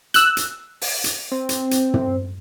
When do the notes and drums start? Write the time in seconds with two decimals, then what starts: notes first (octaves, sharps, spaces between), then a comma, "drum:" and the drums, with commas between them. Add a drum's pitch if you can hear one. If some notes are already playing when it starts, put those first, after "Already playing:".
0.14 E6 F#6, drum: hi-hat
0.37 drum: hi-hat
0.82 drum: open hi-hat
1.04 drum: hi-hat
1.31 C4
1.49 drum: hi-hat
1.71 drum: hi-hat
1.94 drum: tom